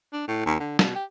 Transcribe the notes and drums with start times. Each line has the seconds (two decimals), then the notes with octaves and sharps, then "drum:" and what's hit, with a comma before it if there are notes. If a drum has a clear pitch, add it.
0.13 D4
0.28 A2
0.46 D#2
0.60 D3
0.79 B2, drum: snare
0.95 G4